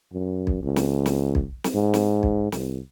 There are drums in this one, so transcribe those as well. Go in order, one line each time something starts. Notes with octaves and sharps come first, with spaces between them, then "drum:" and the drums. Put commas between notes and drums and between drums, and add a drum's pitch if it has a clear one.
F#2
drum: kick B1
C#2
drum: snare
drum: snare
drum: kick B1
drum: snare
G#2
drum: snare
drum: kick B1
C2, drum: snare